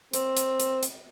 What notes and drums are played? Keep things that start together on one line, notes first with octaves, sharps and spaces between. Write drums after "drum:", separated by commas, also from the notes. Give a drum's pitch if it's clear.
C4, drum: hi-hat
drum: hi-hat
drum: hi-hat
drum: hi-hat